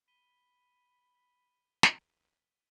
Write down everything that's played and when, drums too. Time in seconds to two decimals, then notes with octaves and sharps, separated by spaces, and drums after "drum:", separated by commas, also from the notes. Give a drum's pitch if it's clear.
0.08 B5 B6 D#7 G7
1.83 drum: snare